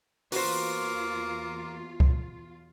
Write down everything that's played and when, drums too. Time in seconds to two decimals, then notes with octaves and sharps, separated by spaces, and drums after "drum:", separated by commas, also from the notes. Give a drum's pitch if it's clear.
0.32 E2 A#3 F4 F#4 B4 C5, drum: open hi-hat
2.00 drum: kick